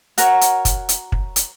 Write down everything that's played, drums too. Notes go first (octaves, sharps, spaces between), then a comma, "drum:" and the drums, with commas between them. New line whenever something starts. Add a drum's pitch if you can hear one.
F#4 A#4 C#5 F#5 A#5, drum: hi-hat
drum: hi-hat
drum: kick, hi-hat
drum: hi-hat
drum: kick
drum: hi-hat